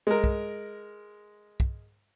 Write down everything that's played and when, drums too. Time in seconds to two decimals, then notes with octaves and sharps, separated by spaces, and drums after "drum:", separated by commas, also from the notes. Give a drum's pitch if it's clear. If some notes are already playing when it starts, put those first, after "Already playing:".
0.07 G#3 A#4
0.24 drum: kick
1.60 drum: kick